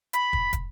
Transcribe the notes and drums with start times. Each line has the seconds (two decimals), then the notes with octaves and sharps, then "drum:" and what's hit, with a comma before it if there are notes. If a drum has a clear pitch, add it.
0.13 B5, drum: hi-hat
0.33 drum: kick
0.53 drum: kick, hi-hat